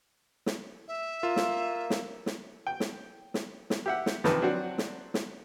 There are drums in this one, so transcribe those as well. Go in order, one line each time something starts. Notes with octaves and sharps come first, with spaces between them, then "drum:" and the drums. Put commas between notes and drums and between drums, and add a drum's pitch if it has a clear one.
drum: snare
E5
A#3 F4
drum: snare
drum: snare
drum: snare
G5
drum: snare
drum: snare
drum: snare
G4 E5 F#5
drum: snare
F2 C3 D#3 E3 B4 A5, drum: snare
F#3 C4 D4 F#4
drum: snare
drum: snare